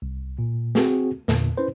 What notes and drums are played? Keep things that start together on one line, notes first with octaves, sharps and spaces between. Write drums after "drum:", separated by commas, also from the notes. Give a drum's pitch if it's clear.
C2
A#2
C4 F#4 G#4, drum: snare
E2 A#2 D3, drum: snare
C#4 E4 B4 C5